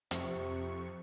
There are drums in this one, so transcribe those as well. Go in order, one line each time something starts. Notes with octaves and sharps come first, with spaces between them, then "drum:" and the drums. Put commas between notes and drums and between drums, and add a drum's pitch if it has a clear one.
F2 C3 C#6, drum: hi-hat